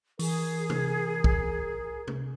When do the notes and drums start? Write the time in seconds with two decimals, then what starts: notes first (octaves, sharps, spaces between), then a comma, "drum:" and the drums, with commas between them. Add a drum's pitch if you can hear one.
0.19 E3 G#4 A#4, drum: open hi-hat
0.70 drum: tom C3
1.24 drum: kick
2.07 drum: tom C3